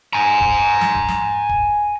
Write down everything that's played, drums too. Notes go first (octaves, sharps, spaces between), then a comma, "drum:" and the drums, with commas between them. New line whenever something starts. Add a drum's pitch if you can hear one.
G#5 A#5
drum: kick
drum: snare
drum: kick
drum: snare
drum: kick